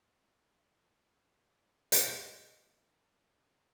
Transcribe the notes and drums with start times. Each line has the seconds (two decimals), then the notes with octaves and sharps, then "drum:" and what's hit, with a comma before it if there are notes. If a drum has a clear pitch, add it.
0.02 A3 B3
0.31 D2 E4 G#4 A4 C#5 D5
0.78 A2 F3 F#3 F#4 C5 D5
1.03 F4 A4 G5
1.92 drum: hi-hat
2.83 B4
3.28 G#5